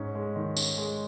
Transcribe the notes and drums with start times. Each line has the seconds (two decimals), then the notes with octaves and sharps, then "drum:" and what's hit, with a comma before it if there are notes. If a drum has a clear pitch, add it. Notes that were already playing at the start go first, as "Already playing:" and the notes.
Already playing: G#2 C#4
0.15 G#3
0.36 D#3
0.57 C#4, drum: tambourine
0.78 G#3